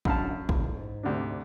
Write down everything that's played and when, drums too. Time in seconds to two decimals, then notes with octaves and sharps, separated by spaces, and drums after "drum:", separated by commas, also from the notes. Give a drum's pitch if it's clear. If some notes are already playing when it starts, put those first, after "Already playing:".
0.05 D1 F#2 D4 F5 A5, drum: kick
0.49 D#1 C#2 E3, drum: kick
0.73 G#2
1.03 D2 C3 D4